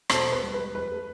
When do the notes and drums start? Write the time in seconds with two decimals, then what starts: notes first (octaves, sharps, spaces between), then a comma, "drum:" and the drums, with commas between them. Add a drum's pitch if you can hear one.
0.09 B2 A4 C5, drum: rim click
0.26 B2
0.32 B4
0.43 G3
0.54 G3 B4
0.75 F2 B4
0.91 A3